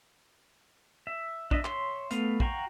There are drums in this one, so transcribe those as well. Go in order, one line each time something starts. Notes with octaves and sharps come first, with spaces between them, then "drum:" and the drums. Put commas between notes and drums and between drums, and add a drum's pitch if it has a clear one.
E5
D4 D#5 E5, drum: kick
C#5 E5 C6, drum: clap
A3 B3 F5, drum: hi-hat
F#4 F5 G5 A#5 C#6, drum: kick